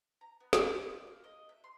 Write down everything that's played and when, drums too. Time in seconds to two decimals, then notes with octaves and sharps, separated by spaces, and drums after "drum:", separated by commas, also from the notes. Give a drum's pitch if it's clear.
0.21 A#5
0.40 B3
0.53 E4, drum: snare
0.69 C5
0.90 D6
1.07 A#3
1.24 D#5
1.49 E5
1.64 C6